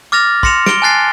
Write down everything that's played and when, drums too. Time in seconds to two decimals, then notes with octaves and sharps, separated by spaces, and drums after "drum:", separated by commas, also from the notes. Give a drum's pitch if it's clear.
0.12 D6 F6 A6 A#6 F7
0.43 C6 A#6 C#7 E7 F7, drum: kick
0.66 D7 G7, drum: snare
0.82 G#5 A5 F#6 A6 C7